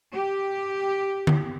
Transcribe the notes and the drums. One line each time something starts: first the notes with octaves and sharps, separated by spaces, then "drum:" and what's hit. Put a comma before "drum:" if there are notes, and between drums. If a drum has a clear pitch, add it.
G4
drum: tom D3